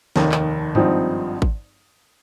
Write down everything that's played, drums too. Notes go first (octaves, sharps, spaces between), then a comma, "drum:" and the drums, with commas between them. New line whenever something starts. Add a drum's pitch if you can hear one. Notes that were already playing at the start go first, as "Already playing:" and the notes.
F1 D#2 D#3, drum: snare
drum: clap
G#1 G2 F3 C4 D#4, drum: tom G2
drum: kick G#1